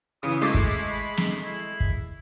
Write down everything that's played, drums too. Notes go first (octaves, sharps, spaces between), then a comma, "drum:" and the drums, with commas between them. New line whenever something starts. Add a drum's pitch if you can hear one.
C#3 E3 D#6
G#3 A3 E4 D6
drum: kick
B5
drum: snare
E4
drum: kick